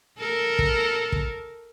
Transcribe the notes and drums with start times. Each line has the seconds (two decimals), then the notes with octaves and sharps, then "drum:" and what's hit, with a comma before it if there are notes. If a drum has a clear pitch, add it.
0.18 A4 A#4
0.59 drum: kick
1.12 drum: kick